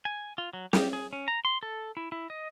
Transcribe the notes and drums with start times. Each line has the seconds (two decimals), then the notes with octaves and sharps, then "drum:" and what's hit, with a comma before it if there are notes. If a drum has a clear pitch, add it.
0.05 G#5
0.38 F4
0.53 F#3
0.73 G4, drum: snare
0.93 G#4
1.13 C#4
1.28 A#5
1.45 C6
1.63 A4
1.97 E4
2.12 E4
2.30 D#5